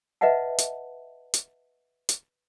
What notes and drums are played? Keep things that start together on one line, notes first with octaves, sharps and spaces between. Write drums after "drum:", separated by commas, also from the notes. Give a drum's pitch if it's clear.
B4 D#5 E5 F#5 A5
drum: hi-hat
drum: hi-hat
drum: hi-hat